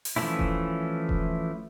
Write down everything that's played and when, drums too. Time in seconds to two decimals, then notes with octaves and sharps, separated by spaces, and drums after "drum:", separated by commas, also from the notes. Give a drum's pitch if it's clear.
0.05 drum: open hi-hat
0.16 E3 F3 A3 C#4 E4
0.39 drum: kick E1
1.09 drum: kick E1